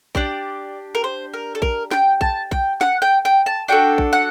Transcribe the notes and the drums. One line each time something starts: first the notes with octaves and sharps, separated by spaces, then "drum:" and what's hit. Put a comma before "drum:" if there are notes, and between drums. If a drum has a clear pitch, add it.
D4 G4 D5, drum: kick A#1
A#4
C5
A#4
A4
A#4, drum: kick A#1
G5, drum: snare
A5, drum: kick A#1
G5, drum: kick A#1
F#5, drum: snare
G5
G5
A5
D4 F#4 A4 G5
drum: kick A#1
F#5